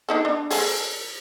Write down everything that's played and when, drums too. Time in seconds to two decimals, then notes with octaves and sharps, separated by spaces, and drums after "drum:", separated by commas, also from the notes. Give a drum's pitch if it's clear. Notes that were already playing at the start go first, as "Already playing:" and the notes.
0.09 D4 D#4 A4
0.25 D4
0.51 G#4 A4, drum: open hi-hat